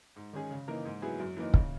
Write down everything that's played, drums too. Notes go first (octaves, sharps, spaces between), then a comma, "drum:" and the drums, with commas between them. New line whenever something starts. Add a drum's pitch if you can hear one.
G#2
D#3 G#3 C#4 G#4
C#3
E3 A#3 D#4 A#4
G#2
F#3 B3 E4 G#4
F#2
E3 A#3 D#4
C#3, drum: kick